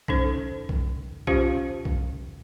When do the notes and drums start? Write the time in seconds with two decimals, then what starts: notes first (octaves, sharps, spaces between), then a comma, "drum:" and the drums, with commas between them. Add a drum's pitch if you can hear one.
0.08 C#4 D#4 A4 C5, drum: kick B1
0.69 drum: kick B1
1.27 C#4 F4 G4 C5 F5, drum: kick B1
1.85 drum: kick B1